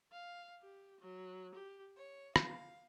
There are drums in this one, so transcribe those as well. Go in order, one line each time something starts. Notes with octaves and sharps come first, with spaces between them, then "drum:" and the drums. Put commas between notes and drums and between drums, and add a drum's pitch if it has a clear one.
F5
G4
F#3
G4
C#5
F5, drum: rim click